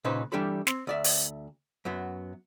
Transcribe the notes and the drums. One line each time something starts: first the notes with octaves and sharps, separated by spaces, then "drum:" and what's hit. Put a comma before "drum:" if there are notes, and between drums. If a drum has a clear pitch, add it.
A#2 C#3 D#4 B4 C5
E3 G3 D4 G4 A4 B5
C4, drum: snare
D2 D5 E5
drum: open hi-hat
F#2 F#3 B3